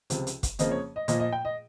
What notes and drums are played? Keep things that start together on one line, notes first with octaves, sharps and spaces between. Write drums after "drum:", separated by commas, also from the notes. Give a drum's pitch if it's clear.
C#2 C3 F3 C4, drum: hi-hat
drum: hi-hat
drum: kick, hi-hat
F2 C#3 F3 A#3 D#5, drum: hi-hat
C#5
D#5
A#2 F3 A#3 D#5, drum: hi-hat
D#5
G5
D#5